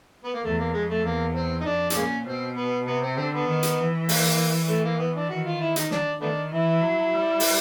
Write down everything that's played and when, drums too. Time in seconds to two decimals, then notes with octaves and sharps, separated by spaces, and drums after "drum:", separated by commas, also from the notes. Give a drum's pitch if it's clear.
0.24 B3
0.34 A#3
0.44 E2 A3
0.59 A#3
0.74 F2 G#3
0.89 A3
1.04 E2 A#3
1.34 C4
1.61 D#4
1.65 F2 D4
1.90 D4, drum: hi-hat
1.95 A#2 G#3 A#3 C#4
2.26 B2 C4
2.56 B3
2.86 C3 B3
3.03 C4
3.17 D3 C4
3.33 B3
3.48 D#3
3.63 drum: hi-hat
3.78 E3
4.09 A#3, drum: open hi-hat
4.69 A3
4.84 A#3
4.99 B3
5.15 D4
5.30 D#3 F#4
5.46 F4
5.61 E4
5.76 D#4, drum: hi-hat
5.91 D4, drum: snare
6.21 D#3 A3 B3 D4
6.51 E3 E4
6.81 F#3
7.13 G3
7.40 drum: open hi-hat